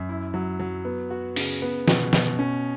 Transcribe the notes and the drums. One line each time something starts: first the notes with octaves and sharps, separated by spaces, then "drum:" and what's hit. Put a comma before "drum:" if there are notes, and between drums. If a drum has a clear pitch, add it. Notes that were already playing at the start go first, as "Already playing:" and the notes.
Already playing: F#2
E4
F#3
F#3
B3
F#4
C#3, drum: open hi-hat
B3
B2, drum: snare
B2, drum: snare
C#4